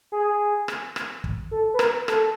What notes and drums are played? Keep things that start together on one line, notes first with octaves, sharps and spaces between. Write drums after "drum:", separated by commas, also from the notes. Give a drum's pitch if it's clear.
G#4
drum: rim click
drum: rim click
drum: kick
A4
B4
A#4, drum: rim click
A4, drum: rim click